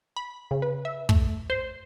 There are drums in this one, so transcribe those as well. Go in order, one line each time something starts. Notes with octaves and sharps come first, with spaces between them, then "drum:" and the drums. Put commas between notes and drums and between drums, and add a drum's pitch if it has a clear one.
B5
C#3
B4
E5
A3, drum: kick
C5